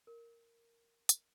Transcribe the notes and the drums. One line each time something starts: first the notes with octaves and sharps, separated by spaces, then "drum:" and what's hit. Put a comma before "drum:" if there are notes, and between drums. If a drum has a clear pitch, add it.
A#4
drum: hi-hat